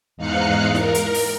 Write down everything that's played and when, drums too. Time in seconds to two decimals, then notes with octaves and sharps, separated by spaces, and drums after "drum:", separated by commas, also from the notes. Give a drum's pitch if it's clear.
0.17 E2 G#2 D#4 F5 F#6 C#7
0.75 A#4, drum: snare E4
0.95 drum: hi-hat
1.14 drum: open hi-hat